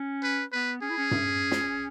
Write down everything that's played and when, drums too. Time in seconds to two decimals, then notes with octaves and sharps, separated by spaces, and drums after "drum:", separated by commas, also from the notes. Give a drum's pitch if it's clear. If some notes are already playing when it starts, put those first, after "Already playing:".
Already playing: C#4
0.23 B4
0.52 B3 B4
0.82 C#4 G#4
0.90 E4
0.97 C#4
1.11 C#4, drum: tom G2
1.51 drum: snare